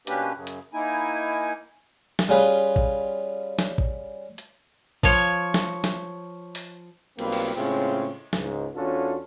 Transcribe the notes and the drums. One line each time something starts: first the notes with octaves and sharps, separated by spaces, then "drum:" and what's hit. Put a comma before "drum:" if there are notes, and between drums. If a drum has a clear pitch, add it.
B2 A#3 C#4 D4 G4 B4, drum: hi-hat
F#2 C#3
drum: hi-hat
A#3 D#4 E4 G#5
drum: snare
G3 C#4 F4 G#4 B4
drum: kick A1
drum: snare
drum: kick A1
drum: hi-hat
F3 C#5, drum: kick A1
drum: snare
drum: snare
drum: open hi-hat
B1 G3 A#3 C4 F4 B4, drum: cymbal
drum: cymbal
A2 C#3 G#3 C4 C#4 F4
C#2 G#2, drum: snare
E2 C#4 D4 F4 F#4 A4